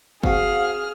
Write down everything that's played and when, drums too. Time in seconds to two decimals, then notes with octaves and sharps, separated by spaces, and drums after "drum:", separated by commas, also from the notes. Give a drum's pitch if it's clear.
0.23 C4 F#4 G#4 F5 F6, drum: kick